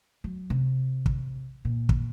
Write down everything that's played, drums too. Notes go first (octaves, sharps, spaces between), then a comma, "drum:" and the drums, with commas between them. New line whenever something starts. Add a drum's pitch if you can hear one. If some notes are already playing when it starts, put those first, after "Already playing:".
F#3
C3
drum: kick
A#2
drum: kick